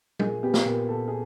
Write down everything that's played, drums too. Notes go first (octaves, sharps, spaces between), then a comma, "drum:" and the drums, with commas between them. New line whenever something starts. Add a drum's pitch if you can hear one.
A#2 G#4, drum: tom G3
B3 G4
drum: snare
A#2
A#2 A4
G#4